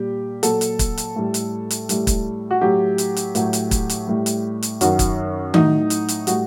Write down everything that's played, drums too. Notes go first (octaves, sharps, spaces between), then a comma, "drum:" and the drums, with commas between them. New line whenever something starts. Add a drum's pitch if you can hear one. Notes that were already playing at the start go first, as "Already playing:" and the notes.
Already playing: A#2 G3 G4
A#2 F#3 A4, drum: hi-hat
drum: hi-hat
drum: kick, hi-hat
drum: hi-hat
A2 G3
drum: hi-hat
drum: hi-hat
A2 G3, drum: hi-hat
drum: kick, hi-hat
F#4
A2 F#3 G4
drum: hi-hat
drum: hi-hat
A2 F#3, drum: hi-hat
drum: hi-hat
drum: kick, hi-hat
drum: hi-hat
A2 G3
drum: hi-hat
drum: hi-hat
F#2 D#3 F#3 F#4, drum: hi-hat
drum: kick, hi-hat
A2 F#3 D#4, drum: tom D#3
drum: hi-hat
drum: hi-hat
A2 G3 F#4, drum: hi-hat